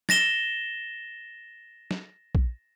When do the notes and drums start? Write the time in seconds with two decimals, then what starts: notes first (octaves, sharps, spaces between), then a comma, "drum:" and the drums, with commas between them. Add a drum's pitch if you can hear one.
0.09 A6 A#6 E7 G7, drum: snare
1.91 drum: snare
2.35 drum: kick A#1